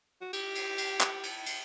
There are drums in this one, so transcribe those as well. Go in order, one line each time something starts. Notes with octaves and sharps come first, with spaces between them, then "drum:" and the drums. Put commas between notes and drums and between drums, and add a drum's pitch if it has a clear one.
F#4
G4, drum: cymbal
drum: cymbal
drum: cymbal
drum: clap
drum: cymbal
drum: cymbal